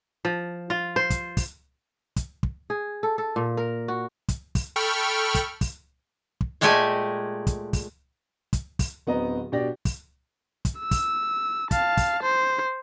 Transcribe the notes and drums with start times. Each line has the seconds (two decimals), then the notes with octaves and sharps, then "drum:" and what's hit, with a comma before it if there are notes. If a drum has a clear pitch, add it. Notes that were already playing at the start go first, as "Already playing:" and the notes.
0.25 F3
0.70 F4
0.96 C5
1.10 drum: kick, hi-hat
1.37 drum: kick, open hi-hat
2.16 drum: kick, hi-hat
2.43 drum: kick
2.70 G#4
3.03 A4
3.18 A4
3.36 A#2
3.57 A#4
3.88 F#4
4.29 drum: kick, hi-hat
4.55 drum: kick, open hi-hat
4.76 A4 G5 B5 C#6 F6
5.35 drum: kick, hi-hat
5.61 drum: kick, open hi-hat
6.41 drum: kick
6.61 A#2 G#3 A3 G4 A4 G#5
7.47 drum: kick, hi-hat
7.73 drum: kick, open hi-hat
8.53 drum: kick, hi-hat
8.79 drum: kick, open hi-hat
9.07 D1 B3 C4 D#5 A#5
9.52 B2 D4 G4 D5 A#6
9.85 drum: kick, open hi-hat
10.65 drum: kick, hi-hat
10.79 E6
10.91 drum: kick, open hi-hat
11.71 F5 A5, drum: kick, hi-hat
11.97 drum: kick, open hi-hat
12.23 C5